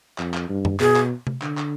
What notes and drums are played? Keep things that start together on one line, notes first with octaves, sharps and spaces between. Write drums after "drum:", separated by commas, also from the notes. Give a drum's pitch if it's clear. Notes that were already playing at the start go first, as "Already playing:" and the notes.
F2, drum: clap
drum: clap
G2
drum: tom F#2
B2 G#4, drum: clap
drum: clap
drum: tom C3
D3, drum: clap
drum: clap